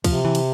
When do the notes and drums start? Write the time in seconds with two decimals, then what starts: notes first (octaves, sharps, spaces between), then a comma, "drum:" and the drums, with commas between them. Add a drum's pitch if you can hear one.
0.04 C3 F3, drum: kick, cymbal
0.25 E3
0.35 drum: cymbal